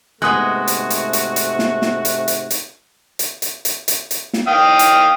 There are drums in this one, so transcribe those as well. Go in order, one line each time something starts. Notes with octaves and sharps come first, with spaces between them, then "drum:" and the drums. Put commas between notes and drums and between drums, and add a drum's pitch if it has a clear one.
G#2 C3 G#3 A3 B3 F#4 D#6 F#6
drum: hi-hat
drum: hi-hat
drum: hi-hat
drum: hi-hat
drum: snare
drum: snare
drum: hi-hat
drum: hi-hat
drum: hi-hat
drum: hi-hat
drum: hi-hat
drum: hi-hat
drum: hi-hat
drum: hi-hat
drum: snare
F5 G5 D#6
drum: hi-hat